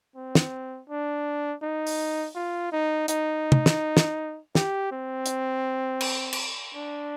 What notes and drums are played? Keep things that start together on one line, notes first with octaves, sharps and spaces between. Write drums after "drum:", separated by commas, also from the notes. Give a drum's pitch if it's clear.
C4
drum: snare
D4
D#4
drum: open hi-hat
F4
D#4
D#4, drum: hi-hat
drum: tom
drum: snare
drum: snare
G4, drum: snare
C4
drum: hi-hat
drum: cymbal
drum: cymbal
D4